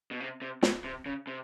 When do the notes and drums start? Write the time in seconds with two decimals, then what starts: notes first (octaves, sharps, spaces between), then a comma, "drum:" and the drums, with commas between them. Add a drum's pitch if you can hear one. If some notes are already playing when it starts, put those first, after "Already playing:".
0.11 B2
0.20 C3
0.42 C3
0.63 B2, drum: snare
0.84 C3
1.06 C#3
1.27 C3